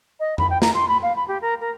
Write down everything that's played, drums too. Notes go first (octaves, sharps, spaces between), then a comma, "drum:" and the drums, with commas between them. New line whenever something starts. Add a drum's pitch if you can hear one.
D#5
B5, drum: tom F2
G5
A#5, drum: snare
C6
B5
F5
B5
G4
A#4
A#4